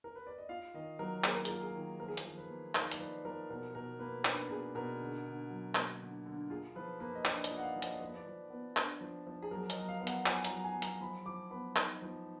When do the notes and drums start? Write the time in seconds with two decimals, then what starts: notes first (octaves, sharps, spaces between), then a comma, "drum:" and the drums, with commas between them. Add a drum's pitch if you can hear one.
0.04 A#4
0.15 B4
0.27 D5
0.38 D#5
0.49 F4 F5
0.74 D#3 D#5
0.99 F#3 A#4
1.24 A#3 G#4, drum: clap
1.34 A#4
1.45 F4 G#4, drum: hi-hat
1.62 G#4
1.75 D#3
1.99 F3 A#4
2.08 G#4
2.17 A#4, drum: hi-hat
2.25 F3
2.37 B4
2.50 A#3
2.75 D#4 F5, drum: clap
2.92 D5, drum: hi-hat
2.99 F3 B4
3.25 F3 A#4
3.50 B2 A#4
3.75 B2 A#4
3.99 A#3 B4
4.25 D4 B4, drum: clap
4.49 B2 G#4
4.75 B2 A#4
5.00 D3
5.25 D3
5.50 F#3
5.75 A#3, drum: clap
6.00 D3
6.26 D3
6.50 F4 G#4
6.76 F3 B4
7.00 A#3 B4
7.15 D#5
7.25 D4 D5, drum: clap
7.44 D#5, drum: hi-hat
7.50 F4
7.57 F#5
7.63 F5
7.76 F3
7.82 D#5, drum: hi-hat
7.94 D5
8.01 F3 B4
8.16 D5
8.26 F3
8.50 B3
8.77 D4, drum: clap
9.01 F3
9.27 F3
9.42 G#4
9.51 F#3 A#4
9.70 D#5, drum: hi-hat
9.77 F#3
9.88 F5
10.01 B3
10.07 F#5, drum: hi-hat
10.26 F4 G#5, drum: clap
10.45 A#5, drum: hi-hat
10.51 F#3
10.64 G#5
10.76 F#3
10.82 A#5, drum: hi-hat
11.01 F3 B5
11.26 F3 D6
11.51 B3 B5
11.76 D#4, drum: clap
12.02 F3